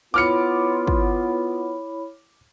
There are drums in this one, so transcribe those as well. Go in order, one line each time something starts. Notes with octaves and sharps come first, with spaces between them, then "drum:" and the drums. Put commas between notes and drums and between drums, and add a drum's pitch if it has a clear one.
B3 E4 F4 C#5 B5 D6 F6 C#7
drum: kick